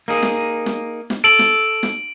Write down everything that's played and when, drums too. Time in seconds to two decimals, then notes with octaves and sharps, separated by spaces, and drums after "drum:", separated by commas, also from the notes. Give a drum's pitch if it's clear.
0.08 A#3 D#4 G#4
0.23 drum: snare
0.66 drum: snare
1.10 drum: snare
1.24 A4 D7 F#7
1.39 drum: snare
1.83 drum: snare